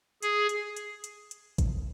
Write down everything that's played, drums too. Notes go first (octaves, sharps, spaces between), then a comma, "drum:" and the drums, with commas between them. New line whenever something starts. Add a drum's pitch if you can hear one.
G#4, drum: hi-hat
drum: hi-hat
drum: hi-hat
drum: hi-hat
drum: hi-hat
drum: kick A1, hi-hat